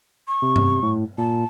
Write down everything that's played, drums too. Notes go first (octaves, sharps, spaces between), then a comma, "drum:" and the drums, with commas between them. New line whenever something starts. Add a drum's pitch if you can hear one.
C#6
C3
drum: tom G2
A2
A#2 A5